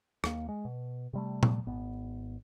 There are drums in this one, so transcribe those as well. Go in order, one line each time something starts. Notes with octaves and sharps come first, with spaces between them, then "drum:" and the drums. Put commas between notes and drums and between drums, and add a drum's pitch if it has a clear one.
D#2 A#3, drum: rim click
G#3
B2
C3 G3 A3
drum: tom A#2
G#1 B3